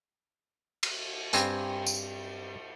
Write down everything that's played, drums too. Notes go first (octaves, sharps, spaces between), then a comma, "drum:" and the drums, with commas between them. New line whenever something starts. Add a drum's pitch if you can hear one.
drum: cymbal
G2 C4 G#5, drum: hi-hat
drum: tambourine